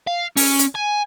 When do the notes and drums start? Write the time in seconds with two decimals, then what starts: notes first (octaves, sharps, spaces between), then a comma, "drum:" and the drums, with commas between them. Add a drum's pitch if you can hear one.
0.07 F5
0.37 C#4, drum: open hi-hat
0.59 drum: hi-hat
0.75 G#5